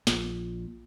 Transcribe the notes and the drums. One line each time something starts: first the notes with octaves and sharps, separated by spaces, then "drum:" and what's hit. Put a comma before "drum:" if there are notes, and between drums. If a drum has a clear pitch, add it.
A#1 A#2, drum: snare